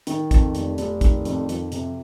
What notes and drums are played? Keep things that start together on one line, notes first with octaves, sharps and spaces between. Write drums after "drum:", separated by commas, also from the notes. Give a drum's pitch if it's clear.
D#3, drum: hi-hat
F2, drum: kick, hi-hat
F1, drum: hi-hat
F1, drum: hi-hat
D#3, drum: kick, hi-hat
F2, drum: hi-hat
F3, drum: hi-hat
C3, drum: hi-hat